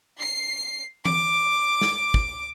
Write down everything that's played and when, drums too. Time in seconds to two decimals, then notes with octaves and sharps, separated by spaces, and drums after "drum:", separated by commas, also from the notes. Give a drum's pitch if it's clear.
0.19 C7
1.06 D6, drum: tom E3
1.81 drum: snare
2.14 drum: kick